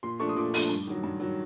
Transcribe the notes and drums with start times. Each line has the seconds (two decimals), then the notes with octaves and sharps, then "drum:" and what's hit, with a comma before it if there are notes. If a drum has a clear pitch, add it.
0.03 A#2 C6
0.19 F3 A3 D4 C#6
0.29 D#6
0.36 A#2 D6
0.54 F3 A3 D4, drum: open hi-hat
0.69 G2
0.87 D#3 F#3
1.03 G2
1.20 D#3 F#3